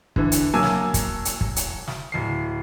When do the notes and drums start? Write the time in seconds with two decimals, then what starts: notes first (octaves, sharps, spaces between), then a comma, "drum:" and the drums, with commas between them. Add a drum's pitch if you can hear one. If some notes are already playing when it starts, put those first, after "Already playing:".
0.16 D3 E3, drum: kick
0.32 drum: hi-hat
0.53 F#3 A#3 G#5 A5 D6 E6
0.63 drum: snare
0.94 drum: kick, hi-hat
1.25 drum: hi-hat
1.41 drum: kick
1.56 drum: hi-hat
1.88 drum: snare
2.12 D1 C7